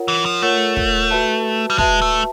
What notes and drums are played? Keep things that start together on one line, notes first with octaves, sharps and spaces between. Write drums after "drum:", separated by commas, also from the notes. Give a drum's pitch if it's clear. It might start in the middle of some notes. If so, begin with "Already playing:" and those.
Already playing: F4 A#4 C#5 F#5
E3
F3
A3 F4 A#4 C#5 F#5
drum: kick
F#4 B4 E5 A5
G3
G#3 F#4 B4 E5 A5, drum: kick
A3